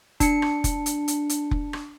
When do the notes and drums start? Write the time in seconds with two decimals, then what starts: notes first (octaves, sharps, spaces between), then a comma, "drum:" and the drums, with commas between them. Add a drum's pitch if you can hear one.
0.20 D4 C#7, drum: kick F1, hi-hat
0.42 drum: rim click
0.64 drum: kick F1, hi-hat
0.86 drum: hi-hat
1.08 drum: hi-hat
1.29 drum: hi-hat
1.51 drum: kick F1
1.73 drum: rim click